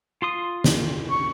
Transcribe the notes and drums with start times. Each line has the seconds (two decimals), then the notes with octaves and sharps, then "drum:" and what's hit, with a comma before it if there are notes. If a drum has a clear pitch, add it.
0.22 F4 C6 D#6
0.64 drum: snare
1.11 C#6